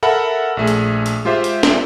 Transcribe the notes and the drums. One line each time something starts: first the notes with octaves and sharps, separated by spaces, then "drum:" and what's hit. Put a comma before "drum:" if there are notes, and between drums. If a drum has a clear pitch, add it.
A4 A#4 E5 F#5 B5
A#1 A3 G#4
drum: hi-hat
drum: hi-hat
G#3 F4 G4 C5 E5
drum: hi-hat
drum: snare